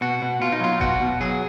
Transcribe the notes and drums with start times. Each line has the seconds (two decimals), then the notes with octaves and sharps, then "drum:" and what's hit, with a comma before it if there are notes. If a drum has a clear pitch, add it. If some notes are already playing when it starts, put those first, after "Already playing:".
0.01 B2 F#4
0.22 B2
0.41 B2 F4
0.52 D#4
0.60 F#3 F4
0.80 B2 F#4, drum: kick G1
1.01 B2
1.21 F#3 G#4